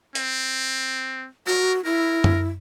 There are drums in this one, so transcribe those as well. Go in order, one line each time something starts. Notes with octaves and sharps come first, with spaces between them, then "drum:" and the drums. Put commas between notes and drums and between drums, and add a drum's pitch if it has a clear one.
C4, drum: hi-hat
F#4 A#4
E4 A#4
drum: tom F#2